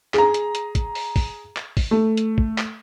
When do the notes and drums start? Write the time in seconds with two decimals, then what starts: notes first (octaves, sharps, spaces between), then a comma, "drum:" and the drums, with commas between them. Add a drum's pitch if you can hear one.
0.14 G#4 A#5, drum: clap
0.34 drum: hi-hat
0.55 drum: hi-hat
0.75 drum: kick, hi-hat
0.95 drum: open hi-hat
1.16 drum: kick, open hi-hat
1.56 drum: clap
1.77 drum: kick, open hi-hat
1.91 A3
2.17 drum: hi-hat
2.38 drum: kick
2.58 drum: clap